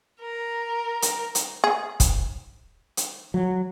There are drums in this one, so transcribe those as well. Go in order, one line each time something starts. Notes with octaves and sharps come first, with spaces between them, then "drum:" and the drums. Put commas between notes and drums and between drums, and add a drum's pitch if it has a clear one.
A#4
drum: hi-hat
drum: hi-hat
G#4
drum: kick, hi-hat
drum: hi-hat
F#3